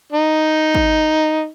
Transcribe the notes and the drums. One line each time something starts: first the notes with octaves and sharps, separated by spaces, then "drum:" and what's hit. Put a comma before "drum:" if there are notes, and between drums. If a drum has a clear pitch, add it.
D#4
drum: kick